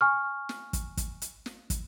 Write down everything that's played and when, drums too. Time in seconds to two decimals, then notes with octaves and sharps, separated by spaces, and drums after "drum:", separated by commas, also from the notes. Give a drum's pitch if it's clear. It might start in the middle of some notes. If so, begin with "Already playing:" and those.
0.01 G#5 C#6 F6
0.49 drum: snare
0.73 drum: kick, hi-hat
0.97 drum: kick, hi-hat
1.22 drum: hi-hat
1.46 drum: snare
1.70 drum: kick, hi-hat